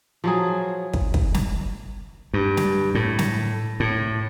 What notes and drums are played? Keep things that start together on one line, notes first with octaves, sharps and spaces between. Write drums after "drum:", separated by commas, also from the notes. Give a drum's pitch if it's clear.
F3 F#3 G#4
drum: kick
drum: kick
drum: snare
G2
drum: snare
A2
drum: snare
A2